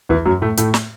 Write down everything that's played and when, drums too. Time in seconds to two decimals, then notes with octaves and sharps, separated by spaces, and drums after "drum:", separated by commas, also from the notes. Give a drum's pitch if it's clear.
0.09 E2 E3
0.26 F#2 F#3
0.41 A2 A3
0.57 A2 A3, drum: hi-hat
0.74 drum: snare